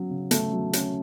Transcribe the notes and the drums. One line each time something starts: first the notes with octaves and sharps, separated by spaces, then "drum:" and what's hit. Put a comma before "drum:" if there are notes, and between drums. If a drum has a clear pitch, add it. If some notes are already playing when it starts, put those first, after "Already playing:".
Already playing: F#3 C#4
C#3
A3, drum: hi-hat
F#3
C#4, drum: hi-hat